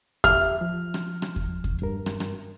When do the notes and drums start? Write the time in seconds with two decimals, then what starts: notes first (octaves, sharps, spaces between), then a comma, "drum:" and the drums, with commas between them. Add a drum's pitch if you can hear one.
0.24 G4 E5 F6, drum: kick E2
0.61 F3
0.94 drum: rim click
1.22 drum: rim click
1.36 drum: kick E2
1.64 drum: kick E2
1.82 G2 A#4
2.06 drum: rim click
2.20 drum: rim click